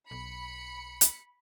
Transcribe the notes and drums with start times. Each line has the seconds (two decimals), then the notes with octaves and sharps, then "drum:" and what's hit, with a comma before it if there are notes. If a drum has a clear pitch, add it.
0.11 B1 B5 C#7
1.01 drum: hi-hat